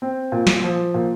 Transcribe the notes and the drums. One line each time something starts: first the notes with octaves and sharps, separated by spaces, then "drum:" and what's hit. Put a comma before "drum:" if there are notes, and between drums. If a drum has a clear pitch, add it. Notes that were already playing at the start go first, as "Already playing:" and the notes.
C4
A#2
drum: snare
F3
A#2